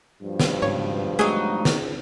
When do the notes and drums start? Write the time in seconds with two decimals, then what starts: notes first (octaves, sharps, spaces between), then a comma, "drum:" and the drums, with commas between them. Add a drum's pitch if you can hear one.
0.23 G2 B2 F3
0.40 drum: snare
0.62 G#2 C#3 C#5
1.19 F#3 G#3 A3 D#4 G#4
1.65 C#2 G#2, drum: snare